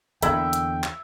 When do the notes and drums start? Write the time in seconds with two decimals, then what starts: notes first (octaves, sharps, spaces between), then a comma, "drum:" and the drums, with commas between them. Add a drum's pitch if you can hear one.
0.22 E2 D3 A#3 E4 E5 G5, drum: hi-hat
0.53 drum: hi-hat
0.84 drum: clap